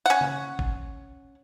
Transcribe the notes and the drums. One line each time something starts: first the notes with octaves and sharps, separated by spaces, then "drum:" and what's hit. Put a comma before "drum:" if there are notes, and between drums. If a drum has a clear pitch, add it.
C#4 F#5
drum: tom C#3
drum: kick G#1